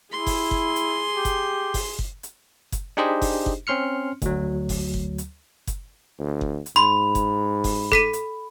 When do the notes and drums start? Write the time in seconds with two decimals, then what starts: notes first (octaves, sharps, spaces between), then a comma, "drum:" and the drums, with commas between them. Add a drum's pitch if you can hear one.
0.12 E4 G#4 C6
0.27 drum: kick F#1, open hi-hat
0.51 drum: kick F#1
0.76 drum: hi-hat
1.13 G4
1.25 drum: kick F#1, hi-hat
1.74 drum: kick F#1, open hi-hat
1.99 drum: kick F#1
2.23 drum: hi-hat
2.72 drum: kick F#1, hi-hat
2.97 D4 D#4 G4 G#4 C5 D#5
3.22 drum: kick F#1, open hi-hat
3.46 drum: kick F#1
3.67 C4 C#4 C6 F6 C#7
4.22 D2 F#3, drum: kick F#1, hi-hat
4.69 drum: kick F#1, open hi-hat
4.94 drum: kick F#1
5.18 drum: hi-hat
5.67 drum: kick F#1, hi-hat
6.20 D2
6.41 drum: kick F#1
6.66 drum: hi-hat
6.76 G#2 B5 C6
7.15 drum: kick F#1, hi-hat
7.64 drum: kick F#1, open hi-hat
7.92 A4 B6 D#7, drum: kick F#1
8.13 drum: hi-hat